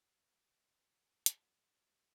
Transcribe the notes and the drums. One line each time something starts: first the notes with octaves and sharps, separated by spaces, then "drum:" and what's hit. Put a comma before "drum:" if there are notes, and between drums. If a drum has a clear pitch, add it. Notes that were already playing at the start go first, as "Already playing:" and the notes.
B2 G3 F#5
E5
F#5
E5
G5
C3 F#3 A3
B4
F#5
F#5
A2 F#3 A3 F#5, drum: hi-hat
F#5
D5
C5
A2 G3 D5